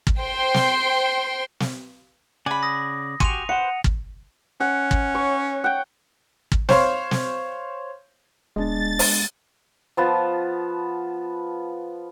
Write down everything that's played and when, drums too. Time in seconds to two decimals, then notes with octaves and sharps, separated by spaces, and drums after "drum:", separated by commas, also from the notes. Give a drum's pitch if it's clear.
0.07 drum: kick
0.18 C5 G5 C6
0.54 drum: snare
1.60 drum: snare
2.46 C#3 D5 F#5 G#5 B5
2.63 D#6 A#6
3.20 F#4 G4 G#5 C6 C#6 D#7 F7, drum: kick
3.49 B4 C5 F#5 C#7
3.84 drum: kick
4.60 C#4 F#5
4.91 drum: kick
5.15 C#5
5.64 F#5 G5
6.52 drum: kick
6.69 C5 C#5 F5 C6, drum: snare
7.11 drum: snare
8.56 D#1 G#3 B3 D4 A6
8.99 drum: open hi-hat
9.97 F3 B3 A5